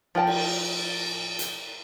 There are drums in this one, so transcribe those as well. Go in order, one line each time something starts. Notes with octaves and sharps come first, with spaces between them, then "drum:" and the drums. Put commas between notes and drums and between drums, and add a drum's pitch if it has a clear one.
F3 A#4 G5 A5
drum: cymbal
drum: hi-hat